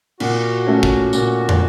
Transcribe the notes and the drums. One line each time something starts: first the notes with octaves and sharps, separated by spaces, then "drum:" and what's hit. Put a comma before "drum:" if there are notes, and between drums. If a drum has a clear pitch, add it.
A#2 F#4, drum: cymbal
A3 C#4
drum: kick
A#2, drum: tambourine
drum: tom